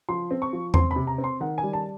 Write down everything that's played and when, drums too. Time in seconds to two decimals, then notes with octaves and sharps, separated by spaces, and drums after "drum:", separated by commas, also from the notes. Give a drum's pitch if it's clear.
0.09 F3 C6
0.31 C4
0.42 C#6
0.53 F3
0.74 C4 C6, drum: tom E2
0.91 B5
0.96 C3
1.07 A#5
1.18 C4
1.24 C6
1.40 D#3 F#5
1.58 G#5
1.63 G3
1.73 A5